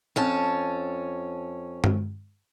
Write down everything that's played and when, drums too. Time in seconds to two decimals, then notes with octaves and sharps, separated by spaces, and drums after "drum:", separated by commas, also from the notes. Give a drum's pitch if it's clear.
0.16 F2 C#4 A5
1.84 drum: tom